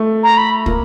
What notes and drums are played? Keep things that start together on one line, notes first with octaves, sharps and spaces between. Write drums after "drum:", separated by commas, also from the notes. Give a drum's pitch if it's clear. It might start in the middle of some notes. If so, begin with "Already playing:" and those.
Already playing: A3
A#5
B5
A#3, drum: kick